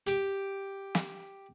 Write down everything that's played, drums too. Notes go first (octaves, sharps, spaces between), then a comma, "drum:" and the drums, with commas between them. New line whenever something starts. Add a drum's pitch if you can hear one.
G4, drum: hi-hat
drum: snare